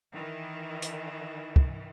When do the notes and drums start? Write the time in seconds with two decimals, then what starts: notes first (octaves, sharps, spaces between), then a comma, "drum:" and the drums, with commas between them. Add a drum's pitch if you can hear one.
0.13 D#3 E3
0.82 drum: hi-hat
1.56 drum: kick